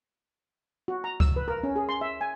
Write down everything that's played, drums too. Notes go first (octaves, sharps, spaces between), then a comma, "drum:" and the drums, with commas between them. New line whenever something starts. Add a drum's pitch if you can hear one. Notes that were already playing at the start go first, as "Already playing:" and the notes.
F#4
A#5
E6, drum: kick C#2
B4
A#4
C#4
G#4
C6
E5
G#5